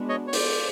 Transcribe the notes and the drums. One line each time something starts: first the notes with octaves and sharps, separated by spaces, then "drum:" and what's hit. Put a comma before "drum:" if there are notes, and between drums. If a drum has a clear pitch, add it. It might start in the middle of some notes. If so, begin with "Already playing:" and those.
Already playing: G#3 B3 D4 F#4
C#5 D#5
C#5
C5 D5, drum: open hi-hat